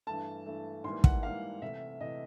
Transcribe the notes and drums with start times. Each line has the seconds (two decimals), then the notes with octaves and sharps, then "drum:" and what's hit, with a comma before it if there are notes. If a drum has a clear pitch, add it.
0.07 G2 E3 A3 A5
0.45 G2 E3 A3
0.84 G#2 E3 G3 A#3 C6
1.04 F#5, drum: kick
1.22 G#2 E3 G3 A#3 F5
1.62 C3 E3 A3 E5
2.01 C3 E3 A3 D#5